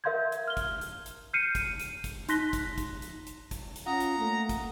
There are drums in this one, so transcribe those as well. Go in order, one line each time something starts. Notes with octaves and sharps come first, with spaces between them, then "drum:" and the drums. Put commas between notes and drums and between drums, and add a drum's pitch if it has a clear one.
A#4 E5 F5 C6 G6 G#6
drum: hi-hat
F6 G7
drum: kick, hi-hat
drum: hi-hat
drum: hi-hat
F6 G6 C7 C#7 D#7
drum: kick, hi-hat
drum: hi-hat
drum: kick, hi-hat
D#4 C6 F#6 A#6 B6 G7, drum: hi-hat
drum: kick, hi-hat
drum: kick, hi-hat
drum: hi-hat
drum: hi-hat
drum: kick, hi-hat
drum: hi-hat
C#4 F4 F5 F#5 A#5 D#6
drum: hi-hat
A3 A#3
drum: kick, hi-hat